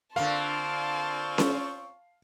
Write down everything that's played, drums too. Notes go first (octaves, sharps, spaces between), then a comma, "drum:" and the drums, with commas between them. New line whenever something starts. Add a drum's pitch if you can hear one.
D3 A#3 C4 F4 F5 A5 C6 C#6
drum: snare C#4